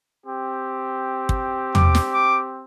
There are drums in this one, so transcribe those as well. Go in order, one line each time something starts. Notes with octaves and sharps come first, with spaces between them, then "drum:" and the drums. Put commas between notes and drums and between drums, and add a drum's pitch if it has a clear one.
C4 G4
drum: kick
D6, drum: tom
drum: snare
D6